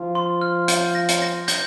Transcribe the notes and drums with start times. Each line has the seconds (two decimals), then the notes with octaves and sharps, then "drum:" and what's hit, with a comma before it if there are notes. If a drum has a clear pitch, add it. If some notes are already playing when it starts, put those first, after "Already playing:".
Already playing: F3 F4
0.15 C6
0.41 F6
0.68 G6, drum: hi-hat
0.95 A#6
1.08 drum: hi-hat
1.22 A#6
1.48 G6, drum: hi-hat